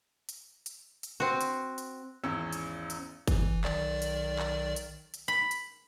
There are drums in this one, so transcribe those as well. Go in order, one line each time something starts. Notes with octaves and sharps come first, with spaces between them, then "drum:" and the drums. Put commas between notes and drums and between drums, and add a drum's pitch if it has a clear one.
drum: hi-hat
drum: hi-hat
drum: hi-hat
C4 F#4
drum: hi-hat
drum: hi-hat
G#1 E2 C#4 E6
drum: hi-hat
drum: hi-hat
E3, drum: kick, hi-hat
B1 D#3 D5, drum: clap
drum: hi-hat
drum: clap
drum: hi-hat
drum: hi-hat
B5
drum: hi-hat